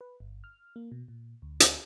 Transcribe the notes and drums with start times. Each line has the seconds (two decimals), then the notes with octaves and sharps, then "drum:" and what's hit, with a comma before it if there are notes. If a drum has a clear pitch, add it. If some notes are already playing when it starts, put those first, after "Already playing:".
0.01 B4
0.20 G1
0.44 F6
0.76 A#3
0.92 B2
1.08 A#2
1.42 D2
1.60 drum: hi-hat